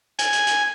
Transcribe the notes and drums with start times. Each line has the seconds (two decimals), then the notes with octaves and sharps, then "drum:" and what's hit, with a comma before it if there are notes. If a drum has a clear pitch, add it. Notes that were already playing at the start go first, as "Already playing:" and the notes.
0.19 G#5, drum: hi-hat
0.33 drum: hi-hat
0.47 drum: hi-hat